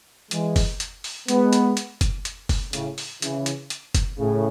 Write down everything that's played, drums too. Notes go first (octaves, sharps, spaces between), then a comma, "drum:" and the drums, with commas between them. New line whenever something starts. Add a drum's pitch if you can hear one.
E3 G#3, drum: hi-hat
drum: kick F#1, open hi-hat
drum: hi-hat
drum: open hi-hat
G#3 B3, drum: hi-hat
drum: hi-hat
drum: hi-hat
drum: kick F#1, hi-hat
drum: hi-hat
drum: kick F#1, open hi-hat
A2 C#3, drum: hi-hat
drum: open hi-hat
C#3 E3, drum: hi-hat
drum: hi-hat
drum: hi-hat
drum: kick F#1, hi-hat
A2 C#3